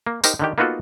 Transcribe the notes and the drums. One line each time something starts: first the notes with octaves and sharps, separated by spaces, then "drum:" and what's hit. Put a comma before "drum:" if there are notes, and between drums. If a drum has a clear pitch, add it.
A#3
D#4 G4 A#4 C5, drum: tambourine
D3 D#3 G4
A#3 B3 D#4 F4 F#4 A4